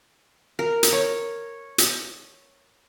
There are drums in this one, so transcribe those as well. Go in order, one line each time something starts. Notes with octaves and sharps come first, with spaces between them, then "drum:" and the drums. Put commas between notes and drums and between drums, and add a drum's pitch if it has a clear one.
A#4
drum: hi-hat
C#5
drum: hi-hat